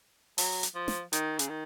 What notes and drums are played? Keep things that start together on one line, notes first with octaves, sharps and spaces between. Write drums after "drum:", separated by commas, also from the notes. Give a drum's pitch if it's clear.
F#3, drum: open hi-hat
drum: hi-hat
F3
drum: snare
D#3, drum: hi-hat
C#3, drum: hi-hat
D#3